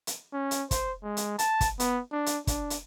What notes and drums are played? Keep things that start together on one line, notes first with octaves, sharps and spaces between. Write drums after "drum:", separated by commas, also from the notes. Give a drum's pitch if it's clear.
drum: hi-hat
C#4
drum: hi-hat
C5, drum: kick, hi-hat
G#3
drum: hi-hat
A5, drum: hi-hat
drum: kick, hi-hat
B3, drum: hi-hat
D4
drum: hi-hat
D4, drum: kick, hi-hat
drum: hi-hat